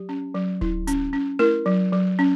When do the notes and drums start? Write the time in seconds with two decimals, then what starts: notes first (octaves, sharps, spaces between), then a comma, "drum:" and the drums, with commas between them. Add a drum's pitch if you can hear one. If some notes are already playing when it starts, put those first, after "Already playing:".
Already playing: F#3 G4
0.09 C#4
0.34 F#3
0.61 E4, drum: kick D1
0.87 C#4, drum: hi-hat
1.13 C#4
1.39 E4 A#4, drum: tom A3
1.66 F#3
1.93 F#3
2.19 C#4